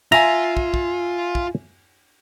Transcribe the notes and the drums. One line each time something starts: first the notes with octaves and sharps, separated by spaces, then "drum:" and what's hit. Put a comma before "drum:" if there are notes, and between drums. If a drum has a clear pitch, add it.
F4 E5 G#5 A#5, drum: cymbal
drum: kick
drum: kick
drum: kick